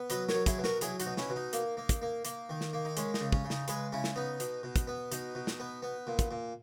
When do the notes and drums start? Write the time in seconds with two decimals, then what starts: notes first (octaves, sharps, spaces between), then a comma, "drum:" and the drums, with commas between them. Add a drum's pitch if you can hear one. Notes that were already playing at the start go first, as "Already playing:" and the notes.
Already playing: B3
0.10 F#3 B4 D#5, drum: hi-hat
0.29 A#4 C#5, drum: snare
0.34 F#3
0.46 E4 G#4, drum: kick, hi-hat
0.58 B2
0.64 F#4 A#4, drum: snare
0.81 F#3 E4 G#4, drum: hi-hat
1.00 D#4 F#4, drum: hi-hat
1.06 B2
1.17 C#4 E4, drum: snare
1.30 B2
1.36 D#4
1.53 A#3, drum: hi-hat
1.77 A#3
1.89 drum: kick, hi-hat
2.02 A#3
2.25 A#3, drum: hi-hat
2.49 D#3
2.61 drum: snare
2.73 A#3
2.85 D#4
2.97 G#3 C#4, drum: hi-hat
3.14 D#4, drum: snare
3.20 C#3
3.32 C#4, drum: kick
3.44 C#3
3.50 D#4, drum: snare
3.68 G#3 G#4 B4, drum: hi-hat
3.92 C#3 C#4 E4
4.04 drum: snare
4.16 B3 D#4
4.40 B2, drum: hi-hat
4.63 B2
4.76 drum: kick, hi-hat
4.87 B3
5.12 B2 D#4, drum: hi-hat
5.35 B2
5.47 drum: snare
5.60 B3
5.82 B3
6.07 A#2
6.19 drum: kick, hi-hat
6.31 A#2